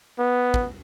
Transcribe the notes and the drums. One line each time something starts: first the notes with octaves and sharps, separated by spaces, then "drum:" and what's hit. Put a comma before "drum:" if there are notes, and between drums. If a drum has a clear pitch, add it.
B3
drum: kick